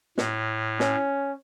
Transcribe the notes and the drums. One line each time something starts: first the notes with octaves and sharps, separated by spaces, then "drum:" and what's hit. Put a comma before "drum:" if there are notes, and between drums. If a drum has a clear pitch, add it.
A2, drum: snare
C#4, drum: snare